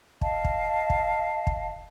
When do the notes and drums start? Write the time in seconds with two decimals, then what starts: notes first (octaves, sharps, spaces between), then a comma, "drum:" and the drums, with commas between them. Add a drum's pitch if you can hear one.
0.21 D#5 F5 A5, drum: kick
0.45 drum: kick
0.90 drum: kick
1.47 drum: kick